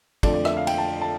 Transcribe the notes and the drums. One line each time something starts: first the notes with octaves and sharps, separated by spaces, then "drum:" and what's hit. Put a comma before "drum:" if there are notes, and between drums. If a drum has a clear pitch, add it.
F2 D3 F3 A3 D5, drum: kick, cymbal
D5
E5, drum: rim click
F5
G5, drum: cymbal
A5
A5